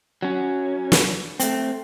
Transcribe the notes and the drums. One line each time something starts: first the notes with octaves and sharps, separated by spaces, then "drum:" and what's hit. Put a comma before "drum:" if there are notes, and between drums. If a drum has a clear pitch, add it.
F#3 C#4
drum: snare
A3 C4, drum: hi-hat